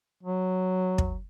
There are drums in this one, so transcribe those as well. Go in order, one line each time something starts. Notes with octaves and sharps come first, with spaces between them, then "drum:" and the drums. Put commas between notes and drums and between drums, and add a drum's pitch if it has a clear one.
F#3
drum: kick